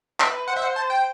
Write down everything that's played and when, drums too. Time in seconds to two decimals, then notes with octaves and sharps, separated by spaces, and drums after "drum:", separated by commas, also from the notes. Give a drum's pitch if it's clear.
0.20 B4 E5, drum: clap
0.48 C5 F#5
0.56 E5
0.62 F#5
0.76 A5
0.90 G5